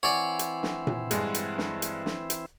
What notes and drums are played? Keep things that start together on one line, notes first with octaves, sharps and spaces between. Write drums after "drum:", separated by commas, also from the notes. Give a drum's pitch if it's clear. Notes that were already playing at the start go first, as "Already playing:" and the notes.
E3 C4 E4 C#5 D5 F#5 G#5 F7
drum: hi-hat
drum: snare
drum: tom A#2
G2 G#3 G#4, drum: hi-hat
drum: hi-hat
drum: snare
drum: hi-hat
drum: snare
drum: hi-hat